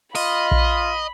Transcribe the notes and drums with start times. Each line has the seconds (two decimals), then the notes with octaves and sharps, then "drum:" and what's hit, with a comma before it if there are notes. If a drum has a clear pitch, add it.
0.15 F4 D#5 B5, drum: open hi-hat
0.52 drum: kick A#1